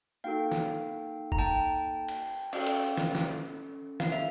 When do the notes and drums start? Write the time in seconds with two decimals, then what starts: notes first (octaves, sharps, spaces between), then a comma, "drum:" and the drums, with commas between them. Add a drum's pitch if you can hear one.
0.24 A#3 D#4 F#4 A4 F5 G5
0.52 drum: snare
1.32 A#5, drum: kick
1.38 G5 A5
2.08 drum: cymbal
2.53 C#4 F#4 A4 F5 G5, drum: cymbal
2.66 drum: hi-hat
2.97 drum: snare
3.15 drum: snare
4.00 F5, drum: snare
4.12 E5